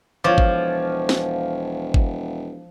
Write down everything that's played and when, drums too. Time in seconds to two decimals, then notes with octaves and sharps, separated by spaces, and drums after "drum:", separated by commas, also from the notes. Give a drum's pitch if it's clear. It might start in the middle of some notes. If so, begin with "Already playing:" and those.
0.24 E1 F3 F4 C#5 D6
0.38 drum: kick
1.09 drum: snare
1.94 drum: kick